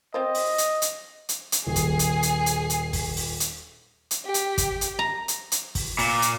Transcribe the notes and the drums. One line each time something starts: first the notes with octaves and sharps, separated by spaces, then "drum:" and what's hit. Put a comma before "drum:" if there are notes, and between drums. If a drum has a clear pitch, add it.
C4 F4 C5 D#5
drum: open hi-hat
drum: hi-hat
drum: hi-hat
drum: hi-hat
drum: hi-hat
D#1 G#4 C7
drum: kick, hi-hat
drum: hi-hat
drum: hi-hat
drum: hi-hat
drum: hi-hat
drum: kick, open hi-hat
drum: open hi-hat
drum: hi-hat
drum: hi-hat
G4
drum: hi-hat
drum: kick, hi-hat
drum: hi-hat
A#5
drum: hi-hat
drum: hi-hat
drum: kick, open hi-hat
A#2, drum: open hi-hat
drum: hi-hat